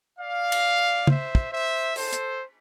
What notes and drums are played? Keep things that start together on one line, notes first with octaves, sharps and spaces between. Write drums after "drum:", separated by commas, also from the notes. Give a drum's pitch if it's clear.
D5 F5
drum: cymbal
C5 E5, drum: tom
drum: kick
C5 E5
A4 C5, drum: open hi-hat
drum: hi-hat